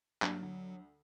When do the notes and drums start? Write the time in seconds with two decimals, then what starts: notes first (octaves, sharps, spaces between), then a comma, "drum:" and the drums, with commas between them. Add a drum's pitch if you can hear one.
0.22 G2 F#3 A#3 D4, drum: clap
0.42 D2